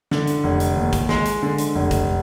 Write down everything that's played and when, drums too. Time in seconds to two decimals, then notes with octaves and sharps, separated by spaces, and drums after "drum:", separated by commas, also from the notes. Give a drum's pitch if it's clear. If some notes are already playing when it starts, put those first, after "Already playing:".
0.11 D3, drum: snare
0.27 drum: hi-hat
0.44 F1
0.60 drum: hi-hat
0.77 D#2
0.93 drum: kick, hi-hat
1.09 G#3, drum: snare
1.25 drum: hi-hat
1.42 D3
1.58 drum: hi-hat
1.75 F1
1.91 drum: kick, hi-hat